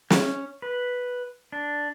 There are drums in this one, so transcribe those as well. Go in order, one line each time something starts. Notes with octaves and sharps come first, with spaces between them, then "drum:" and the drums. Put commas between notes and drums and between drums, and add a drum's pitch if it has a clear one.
C#4, drum: snare
B4
D4